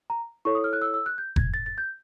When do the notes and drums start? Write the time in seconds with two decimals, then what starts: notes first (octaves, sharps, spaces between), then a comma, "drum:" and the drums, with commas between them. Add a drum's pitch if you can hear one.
0.10 A#5
0.45 E4 A4 C#5 C#6
0.55 D#6
0.64 F6
0.73 F#6
0.82 E6
0.94 E6
1.06 F#6
1.18 G6
1.36 G#6, drum: kick F1
1.54 A6
1.66 A6
1.78 G6